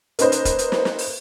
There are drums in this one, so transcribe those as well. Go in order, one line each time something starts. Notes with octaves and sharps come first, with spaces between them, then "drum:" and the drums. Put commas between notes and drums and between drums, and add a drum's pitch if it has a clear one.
A#3 C#4 D#4 B4 C5 D#5, drum: hi-hat
drum: hi-hat
drum: kick E1, hi-hat
drum: hi-hat
drum: snare
drum: snare
drum: open hi-hat